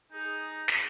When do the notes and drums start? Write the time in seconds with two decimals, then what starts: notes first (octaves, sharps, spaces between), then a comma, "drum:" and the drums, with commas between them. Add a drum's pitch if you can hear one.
0.12 D#4 G#4
0.68 drum: snare